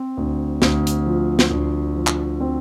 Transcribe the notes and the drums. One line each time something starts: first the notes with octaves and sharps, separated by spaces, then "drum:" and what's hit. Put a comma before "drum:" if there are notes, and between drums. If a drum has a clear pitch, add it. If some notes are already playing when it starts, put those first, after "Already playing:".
Already playing: C4
D2
D2, drum: snare
drum: hi-hat
F3
drum: snare
D2
F3
drum: clap
C4